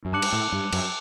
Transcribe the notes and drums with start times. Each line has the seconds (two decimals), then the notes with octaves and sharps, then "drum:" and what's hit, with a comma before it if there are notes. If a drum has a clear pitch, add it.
0.05 F#2
0.12 G2 A5 D6 F#6 C#7 F#7
0.22 drum: cymbal
0.33 A2
0.52 G2
0.73 F#2, drum: cymbal